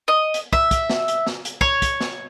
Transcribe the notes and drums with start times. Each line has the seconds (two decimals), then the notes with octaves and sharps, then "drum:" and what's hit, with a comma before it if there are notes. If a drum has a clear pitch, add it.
0.08 D#5
0.34 drum: hi-hat
0.53 E5, drum: kick
0.71 drum: kick, hi-hat
0.90 drum: snare
1.08 drum: hi-hat
1.27 drum: snare
1.45 drum: hi-hat
1.61 C#5, drum: kick
1.82 drum: kick, hi-hat
2.01 drum: snare